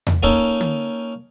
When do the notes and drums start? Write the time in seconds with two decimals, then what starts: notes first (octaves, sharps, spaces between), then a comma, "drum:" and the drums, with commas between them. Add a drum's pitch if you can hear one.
0.07 drum: tom E2
0.23 A#3 C#4 D#4 A4, drum: kick
0.61 drum: tom